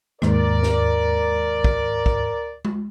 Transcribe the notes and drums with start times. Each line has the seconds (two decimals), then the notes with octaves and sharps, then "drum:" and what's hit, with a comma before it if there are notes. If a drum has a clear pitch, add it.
0.22 D#2 G#2 A#4 D5, drum: rim click
0.63 drum: snare
1.64 drum: kick
2.06 drum: kick
2.65 drum: tom G#3